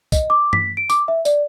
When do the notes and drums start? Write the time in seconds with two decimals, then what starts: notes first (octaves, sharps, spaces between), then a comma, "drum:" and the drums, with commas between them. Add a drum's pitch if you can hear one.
0.12 D#5, drum: kick, tambourine
0.30 D6
0.53 B6, drum: tom G2
0.77 D7
0.90 D6, drum: tambourine
1.08 E5
1.25 D5, drum: tambourine